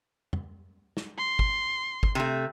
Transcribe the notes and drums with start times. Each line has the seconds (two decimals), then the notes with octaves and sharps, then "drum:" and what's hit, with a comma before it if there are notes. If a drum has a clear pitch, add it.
0.33 drum: tom F2
0.97 drum: snare
1.18 C6
1.39 drum: kick G1
2.03 drum: kick G1
2.15 C3 A3